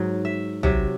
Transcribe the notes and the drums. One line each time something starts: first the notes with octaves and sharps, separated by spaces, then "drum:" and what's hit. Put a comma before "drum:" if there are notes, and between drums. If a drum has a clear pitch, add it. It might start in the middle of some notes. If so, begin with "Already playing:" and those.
Already playing: G#2 F#3
E5
C3 F#3 E5, drum: tom